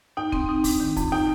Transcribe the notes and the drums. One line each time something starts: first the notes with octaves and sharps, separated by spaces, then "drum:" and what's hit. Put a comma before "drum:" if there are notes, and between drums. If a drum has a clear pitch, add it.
D#4 G5
C4, drum: kick
D#4
D4, drum: kick, open hi-hat
D#3
F2, drum: kick, hi-hat
D#4 G5